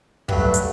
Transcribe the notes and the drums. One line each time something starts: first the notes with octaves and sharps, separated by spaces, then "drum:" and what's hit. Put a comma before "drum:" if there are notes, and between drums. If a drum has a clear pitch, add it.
G2 F#3 A3, drum: kick
drum: hi-hat